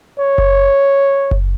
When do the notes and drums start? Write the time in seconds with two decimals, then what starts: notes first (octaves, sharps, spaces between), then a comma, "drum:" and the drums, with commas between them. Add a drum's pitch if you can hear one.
0.20 C#5
0.38 drum: kick F#1
1.31 drum: kick F#1